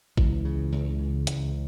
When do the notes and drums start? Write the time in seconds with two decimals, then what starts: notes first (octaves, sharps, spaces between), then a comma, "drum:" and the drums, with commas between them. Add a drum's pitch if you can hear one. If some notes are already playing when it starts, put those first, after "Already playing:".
0.17 C#2 E3, drum: kick A1
0.45 C#3
0.72 C#2
0.99 C#3
1.27 C#2, drum: hi-hat